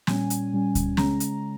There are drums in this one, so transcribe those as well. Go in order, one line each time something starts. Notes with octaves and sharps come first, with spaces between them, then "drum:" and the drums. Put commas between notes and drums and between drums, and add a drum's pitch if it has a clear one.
A#2 G3 C#4 G#5, drum: snare
drum: hi-hat
A#2 G3 C#4
drum: kick C#2, hi-hat
C#3 G#3 C#4 A#5, drum: snare
drum: hi-hat